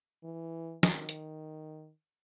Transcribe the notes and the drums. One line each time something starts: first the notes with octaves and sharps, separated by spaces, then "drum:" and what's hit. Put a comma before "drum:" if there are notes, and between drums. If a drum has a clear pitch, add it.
E3
D#3, drum: snare
drum: hi-hat